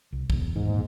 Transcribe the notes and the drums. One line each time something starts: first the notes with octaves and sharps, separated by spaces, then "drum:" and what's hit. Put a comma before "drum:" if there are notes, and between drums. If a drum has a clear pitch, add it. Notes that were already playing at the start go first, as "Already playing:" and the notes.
C2
E2 B2, drum: kick
D#2 G#2
A#2